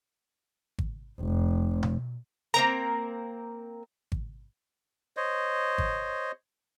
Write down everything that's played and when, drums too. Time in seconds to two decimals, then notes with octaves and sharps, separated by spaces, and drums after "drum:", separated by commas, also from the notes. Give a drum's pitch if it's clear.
0.79 drum: kick G#1
1.20 F1
1.83 drum: tom B2
2.54 A#3 C4 A#4 A#5
4.12 drum: kick G#1
5.17 C5 C#5 D#5
5.78 drum: kick G#1